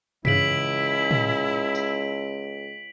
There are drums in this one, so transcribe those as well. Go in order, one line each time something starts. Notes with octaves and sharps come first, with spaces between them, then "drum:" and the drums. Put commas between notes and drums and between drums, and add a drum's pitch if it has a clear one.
C#2 C#3 E3 E4 B6 D7 F#7, drum: tom
drum: tom
drum: tambourine